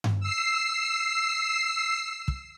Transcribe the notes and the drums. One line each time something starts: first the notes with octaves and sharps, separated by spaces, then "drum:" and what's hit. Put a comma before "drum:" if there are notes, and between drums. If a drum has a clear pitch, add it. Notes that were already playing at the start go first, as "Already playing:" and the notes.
drum: tom G2
E6 C7
drum: kick